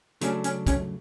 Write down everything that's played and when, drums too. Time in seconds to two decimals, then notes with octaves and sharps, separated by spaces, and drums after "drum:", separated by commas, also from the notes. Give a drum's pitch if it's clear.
0.21 C#3 F#3 A3 C#4 D4, drum: hi-hat
0.44 C#4, drum: hi-hat
0.67 C#4, drum: kick, hi-hat